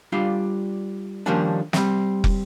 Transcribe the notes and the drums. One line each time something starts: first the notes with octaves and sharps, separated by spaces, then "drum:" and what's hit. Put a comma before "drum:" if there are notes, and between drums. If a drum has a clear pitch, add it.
G3 D4 F4 F5
D#3 F3 G3 A#3 C#4 D4
G3 C4, drum: snare
drum: kick